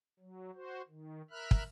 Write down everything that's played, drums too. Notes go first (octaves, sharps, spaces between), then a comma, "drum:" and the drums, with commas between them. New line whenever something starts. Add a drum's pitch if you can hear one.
F#3
F#4 C5
D#3
A#4 E5 B5 F6 F#6
drum: kick